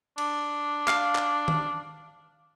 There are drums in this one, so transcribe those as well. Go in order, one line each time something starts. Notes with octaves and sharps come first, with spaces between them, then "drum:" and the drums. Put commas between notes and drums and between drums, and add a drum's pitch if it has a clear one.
D4, drum: cymbal
F5, drum: clap
drum: clap
drum: tom D#3